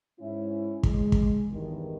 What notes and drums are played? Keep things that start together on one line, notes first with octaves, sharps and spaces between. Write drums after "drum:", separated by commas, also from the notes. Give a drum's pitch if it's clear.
G#2 C#4 E4
G#3, drum: kick
drum: kick
E2 G2 D#3